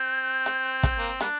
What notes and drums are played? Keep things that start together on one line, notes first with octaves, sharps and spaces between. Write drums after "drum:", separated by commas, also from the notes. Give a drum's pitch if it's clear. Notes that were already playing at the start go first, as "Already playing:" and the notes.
Already playing: C4 G6
drum: hi-hat
drum: kick, hi-hat
A#3
C4
G3 A#3 D4 F#6, drum: hi-hat